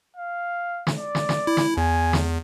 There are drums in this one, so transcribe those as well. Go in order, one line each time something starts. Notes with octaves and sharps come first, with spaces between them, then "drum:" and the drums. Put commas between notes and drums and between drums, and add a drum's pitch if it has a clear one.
F5
drum: snare
D5
drum: snare
drum: snare
E4
drum: snare
E2 G#5
drum: snare